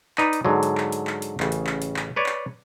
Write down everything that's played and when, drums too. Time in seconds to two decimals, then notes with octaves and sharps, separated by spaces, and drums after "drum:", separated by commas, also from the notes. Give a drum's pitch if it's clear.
0.18 D#4 B4 D5, drum: clap
0.33 drum: hi-hat
0.45 G#2 D3 F#3
0.63 drum: hi-hat
0.78 drum: clap
0.92 drum: hi-hat
1.07 drum: clap
1.22 drum: hi-hat
1.40 A1 C#3, drum: clap
1.52 drum: hi-hat
1.67 drum: clap
1.82 drum: hi-hat
1.96 drum: clap
2.16 B4 C#5 D5
2.26 drum: clap